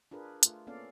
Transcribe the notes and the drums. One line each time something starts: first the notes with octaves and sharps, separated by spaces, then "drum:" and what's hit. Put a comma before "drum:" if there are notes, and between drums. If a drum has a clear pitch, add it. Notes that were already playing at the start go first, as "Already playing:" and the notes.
D4 F4 G#4 A#4 B4
A3 F4, drum: hi-hat
A#3 B3 C#4 A4 D5 F5